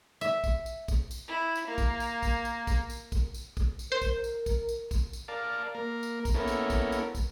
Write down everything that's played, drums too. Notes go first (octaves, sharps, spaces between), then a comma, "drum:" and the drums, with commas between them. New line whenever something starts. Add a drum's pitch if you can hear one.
E5, drum: tambourine
drum: kick, tambourine
drum: tambourine
drum: kick, tambourine
drum: tambourine
E4
drum: tambourine
A#3
drum: kick, tambourine
drum: tambourine
drum: kick, tambourine
drum: tambourine
drum: kick, tambourine
drum: tambourine
drum: kick, tambourine
drum: tambourine
drum: kick, tambourine
drum: tambourine
A#4 C5
drum: kick, tambourine
drum: tambourine
drum: kick, tambourine
drum: tambourine
drum: kick, tambourine
drum: tambourine
A#4 D5 F5 A5
A#3 A#4
drum: tambourine
drum: kick, tambourine
A#3 B3 C#4 E4 A4 A#4
drum: tambourine
drum: kick, tambourine
drum: tambourine
drum: kick, tambourine